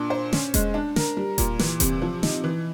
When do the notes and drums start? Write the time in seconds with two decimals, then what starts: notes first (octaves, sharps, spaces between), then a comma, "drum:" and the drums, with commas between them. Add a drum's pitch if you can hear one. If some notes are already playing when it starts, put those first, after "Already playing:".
Already playing: A#2 D4
0.10 C5
0.33 C#4, drum: snare
0.54 G#3, drum: kick E1, hi-hat
0.74 D4
0.96 A#4, drum: snare
1.17 G3
1.38 A#2, drum: kick E1, hi-hat
1.59 E3, drum: snare
1.80 C3, drum: kick E1, hi-hat
2.02 F3
2.23 D#4, drum: snare
2.44 E3